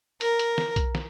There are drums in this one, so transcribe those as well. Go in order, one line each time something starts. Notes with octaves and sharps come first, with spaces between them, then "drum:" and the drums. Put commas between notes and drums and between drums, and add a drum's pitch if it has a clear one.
A#4, drum: hi-hat
drum: hi-hat
drum: snare
drum: kick B1, hi-hat
drum: snare